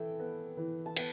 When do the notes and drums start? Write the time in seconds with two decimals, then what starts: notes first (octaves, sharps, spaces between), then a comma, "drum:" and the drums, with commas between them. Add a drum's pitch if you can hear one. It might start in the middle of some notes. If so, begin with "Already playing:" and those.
Already playing: E3 E4 A4 G5
0.19 B3
0.57 E3
0.86 A5
0.97 B3 G5, drum: cymbal